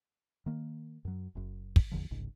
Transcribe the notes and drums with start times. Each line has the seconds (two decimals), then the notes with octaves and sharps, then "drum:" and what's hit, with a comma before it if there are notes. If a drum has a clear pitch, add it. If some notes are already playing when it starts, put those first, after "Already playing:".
0.46 D#3 A#3
1.05 F#2 F#3
1.35 F#1 F#2
1.76 drum: kick
1.92 G#1 E2 D3 F3
2.11 G1 C2 G#2 C#3